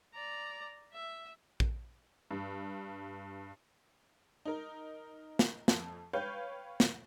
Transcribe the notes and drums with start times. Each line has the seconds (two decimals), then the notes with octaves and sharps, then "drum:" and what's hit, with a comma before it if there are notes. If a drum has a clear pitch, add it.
0.13 D5 A#5
0.93 E5
1.60 drum: kick A#1
2.31 G2
4.45 D#4 A#4
5.39 drum: snare
5.68 F2, drum: snare
6.13 B4 C#5 F5 G5 G6
6.80 drum: snare